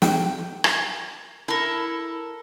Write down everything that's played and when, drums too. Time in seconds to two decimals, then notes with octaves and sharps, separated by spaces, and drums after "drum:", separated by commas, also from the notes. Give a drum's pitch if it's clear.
0.02 G5, drum: snare
0.64 drum: rim click
1.48 E4 A4 A#4